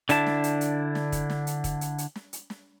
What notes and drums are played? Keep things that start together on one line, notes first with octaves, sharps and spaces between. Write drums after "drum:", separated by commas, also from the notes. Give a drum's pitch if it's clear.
D3 D4 E4 A5, drum: hi-hat
drum: snare
drum: hi-hat
drum: hi-hat
drum: snare
drum: kick, hi-hat
drum: snare
drum: hi-hat
drum: kick, hi-hat
drum: hi-hat
drum: hi-hat
drum: snare
drum: hi-hat
drum: snare